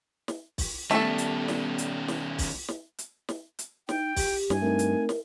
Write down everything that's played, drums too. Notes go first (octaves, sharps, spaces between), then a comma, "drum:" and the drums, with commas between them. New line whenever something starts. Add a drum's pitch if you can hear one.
drum: snare
drum: kick, open hi-hat
D#3 G3 A3 B3 C#4 A4, drum: snare
drum: hi-hat
drum: snare
drum: hi-hat
drum: snare
drum: kick, open hi-hat
drum: snare
drum: hi-hat
drum: snare
drum: hi-hat
D#4 G5, drum: snare
G4, drum: kick, open hi-hat
G2 G#5, drum: snare
A3 C4 D#4 A#4
drum: hi-hat
drum: snare